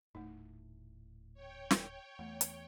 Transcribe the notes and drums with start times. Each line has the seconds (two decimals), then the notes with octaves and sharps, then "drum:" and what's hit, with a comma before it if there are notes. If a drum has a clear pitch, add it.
0.15 D#1 A2 A3 D#4
1.34 C#5 G5
1.71 drum: snare
2.19 E2 A3
2.41 drum: hi-hat